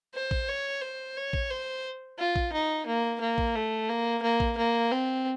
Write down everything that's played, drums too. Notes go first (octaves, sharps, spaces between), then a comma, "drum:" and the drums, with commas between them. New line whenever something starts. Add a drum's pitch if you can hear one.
C5
drum: kick
C#5
C5
C#5
drum: kick
C5
F4
drum: kick
D#4
A#3
A#3
drum: kick
A3
A#3
A#3
drum: kick
A#3
C4